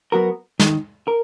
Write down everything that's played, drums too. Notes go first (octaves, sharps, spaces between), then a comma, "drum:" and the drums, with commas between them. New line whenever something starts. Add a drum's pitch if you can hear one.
F#3 B3 F#4 A#4
D#3, drum: snare
A#4